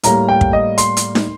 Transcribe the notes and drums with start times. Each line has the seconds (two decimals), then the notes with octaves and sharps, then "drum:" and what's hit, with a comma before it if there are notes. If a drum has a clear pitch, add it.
0.03 A2 G3 A#3 A#5, drum: hi-hat
0.29 G5
0.41 drum: kick
0.53 D#5
0.78 C6, drum: hi-hat
0.97 drum: hi-hat
1.15 drum: snare